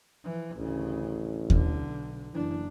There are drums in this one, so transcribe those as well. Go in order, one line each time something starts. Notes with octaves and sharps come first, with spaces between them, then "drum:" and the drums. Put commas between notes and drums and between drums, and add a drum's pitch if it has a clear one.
E3 F3
A1 D2 C#3
B1 D3, drum: kick D#2
F#1 E3 D4